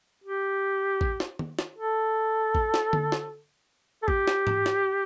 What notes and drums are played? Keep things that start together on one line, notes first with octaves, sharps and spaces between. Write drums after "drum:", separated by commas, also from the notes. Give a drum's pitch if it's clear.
G4
drum: kick A1
drum: snare
drum: tom D#3
drum: snare
A4
drum: kick A1
drum: snare
drum: tom D3
drum: snare
A4
G4, drum: kick A1
drum: snare
drum: tom G#2
drum: snare